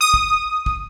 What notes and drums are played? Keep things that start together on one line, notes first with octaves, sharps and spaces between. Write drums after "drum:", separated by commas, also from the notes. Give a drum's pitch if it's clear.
D#6
drum: kick
drum: kick